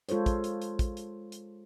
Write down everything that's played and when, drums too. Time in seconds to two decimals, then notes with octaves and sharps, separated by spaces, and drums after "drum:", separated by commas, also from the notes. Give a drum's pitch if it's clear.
0.09 G#3 F4 A4 C5 C#5, drum: hi-hat
0.26 drum: kick, hi-hat
0.44 drum: hi-hat
0.62 drum: hi-hat
0.79 drum: kick, hi-hat
0.97 drum: hi-hat
1.32 drum: hi-hat